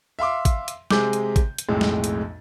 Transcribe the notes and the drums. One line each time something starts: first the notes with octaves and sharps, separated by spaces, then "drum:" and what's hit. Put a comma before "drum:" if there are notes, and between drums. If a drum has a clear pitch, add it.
E5 F5 C6 D6
drum: kick G#1, hi-hat
drum: hi-hat
C3 G#3 G#4 D6 G6, drum: snare
drum: hi-hat
drum: kick G#1, hi-hat
drum: hi-hat
B1 F2 A2 G#3
drum: snare
drum: hi-hat